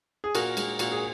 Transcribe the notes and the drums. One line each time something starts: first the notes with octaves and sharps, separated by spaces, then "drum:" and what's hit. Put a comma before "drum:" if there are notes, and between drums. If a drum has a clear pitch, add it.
G#4
A#2 F#4 A#4, drum: cymbal
G#3, drum: cymbal
A#2 F#4, drum: cymbal
G#4